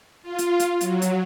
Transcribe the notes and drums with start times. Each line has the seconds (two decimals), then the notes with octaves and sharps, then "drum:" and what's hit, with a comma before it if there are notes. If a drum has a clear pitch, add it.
0.22 F4
0.38 drum: hi-hat
0.60 drum: hi-hat
0.81 F#3, drum: hi-hat
1.02 drum: hi-hat